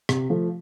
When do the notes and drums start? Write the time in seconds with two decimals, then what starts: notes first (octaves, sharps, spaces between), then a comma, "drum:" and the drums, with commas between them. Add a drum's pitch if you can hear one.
0.09 C3, drum: rim click
0.30 F3 A3